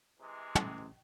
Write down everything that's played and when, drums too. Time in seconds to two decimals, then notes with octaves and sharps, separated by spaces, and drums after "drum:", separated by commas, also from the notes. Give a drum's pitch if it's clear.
0.20 C3 E3 G#3
0.55 A1, drum: tom